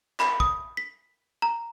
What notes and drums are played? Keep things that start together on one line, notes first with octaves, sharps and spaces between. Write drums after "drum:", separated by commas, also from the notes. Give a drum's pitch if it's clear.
B5, drum: clap
D#6, drum: kick
B6
A#5